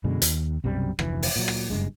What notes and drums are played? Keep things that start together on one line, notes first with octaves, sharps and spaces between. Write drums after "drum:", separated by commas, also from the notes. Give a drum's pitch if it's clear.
F#2 B2 D3 G#3
D#2, drum: hi-hat
B1 F#2 C3 G3
F1 D2 E3, drum: rim click
drum: open hi-hat
A#2 F#3
drum: rim click
F#1 G2 G#3